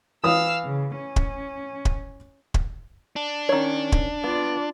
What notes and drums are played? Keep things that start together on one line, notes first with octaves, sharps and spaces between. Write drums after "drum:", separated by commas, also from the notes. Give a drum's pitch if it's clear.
E3 F5 D#6 E6
C#3
C#4
drum: kick
drum: kick
drum: kick
D4
D#3 C#4 C#5
drum: kick
B3 F4 D5